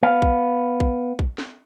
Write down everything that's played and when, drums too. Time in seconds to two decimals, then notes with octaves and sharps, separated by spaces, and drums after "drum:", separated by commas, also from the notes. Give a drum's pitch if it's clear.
0.03 B3 F5
0.22 drum: kick
0.80 drum: kick
1.19 drum: kick
1.38 drum: snare